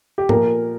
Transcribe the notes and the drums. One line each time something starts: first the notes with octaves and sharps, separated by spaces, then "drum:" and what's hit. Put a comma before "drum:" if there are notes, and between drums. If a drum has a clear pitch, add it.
G4
A#2 F3 A#3 A#4, drum: tom